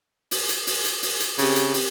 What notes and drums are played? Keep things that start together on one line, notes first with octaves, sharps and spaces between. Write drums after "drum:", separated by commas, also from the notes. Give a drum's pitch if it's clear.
drum: open hi-hat
drum: hi-hat
drum: open hi-hat
drum: hi-hat
drum: open hi-hat
drum: hi-hat
C#3 C4 G4, drum: open hi-hat
drum: hi-hat
drum: open hi-hat